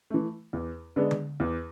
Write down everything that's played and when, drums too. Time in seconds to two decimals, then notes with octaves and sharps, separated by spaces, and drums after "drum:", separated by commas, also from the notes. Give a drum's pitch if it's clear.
0.10 E3 A3
0.53 E2
0.96 D3 G#3 B3 D4
1.11 drum: tom D3
1.40 E2